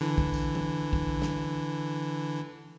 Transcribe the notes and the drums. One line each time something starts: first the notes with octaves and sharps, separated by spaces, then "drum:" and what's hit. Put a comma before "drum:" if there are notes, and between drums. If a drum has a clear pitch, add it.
D3 E3
drum: kick
drum: tambourine
drum: tom E3
drum: kick
drum: snare